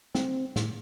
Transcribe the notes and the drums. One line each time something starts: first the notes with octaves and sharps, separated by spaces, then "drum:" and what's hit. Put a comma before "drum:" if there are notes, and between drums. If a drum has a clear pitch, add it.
C4, drum: snare
A2, drum: snare